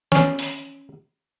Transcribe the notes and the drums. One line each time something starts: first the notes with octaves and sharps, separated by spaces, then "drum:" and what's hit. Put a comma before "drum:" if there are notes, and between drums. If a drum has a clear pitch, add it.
C#4, drum: snare
drum: open hi-hat